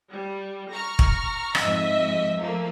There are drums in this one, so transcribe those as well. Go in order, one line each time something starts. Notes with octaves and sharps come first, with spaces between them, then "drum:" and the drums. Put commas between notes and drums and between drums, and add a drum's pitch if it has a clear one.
G3
A#5 C#6 F6
drum: kick
F2 G#2 D#5 E5 B6, drum: rim click
F3 A3 A#3